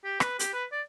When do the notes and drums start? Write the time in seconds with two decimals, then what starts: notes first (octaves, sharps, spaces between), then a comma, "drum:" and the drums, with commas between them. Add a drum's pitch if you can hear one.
0.05 G4
0.20 B4, drum: rim click
0.39 G4, drum: hi-hat
0.54 B4
0.72 D5